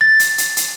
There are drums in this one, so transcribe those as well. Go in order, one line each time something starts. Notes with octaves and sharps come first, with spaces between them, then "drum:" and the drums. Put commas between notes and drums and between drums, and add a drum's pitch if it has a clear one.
A6
drum: hi-hat
drum: hi-hat
drum: hi-hat